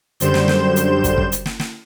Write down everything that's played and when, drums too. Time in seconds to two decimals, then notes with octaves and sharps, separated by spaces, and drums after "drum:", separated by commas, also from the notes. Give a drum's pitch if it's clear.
0.20 F#2 D3 G3 C5 G6 E7, drum: hi-hat
0.34 drum: snare
0.48 drum: snare
0.76 drum: hi-hat
1.04 drum: kick, hi-hat
1.18 drum: kick
1.32 drum: hi-hat
1.46 drum: snare
1.60 drum: snare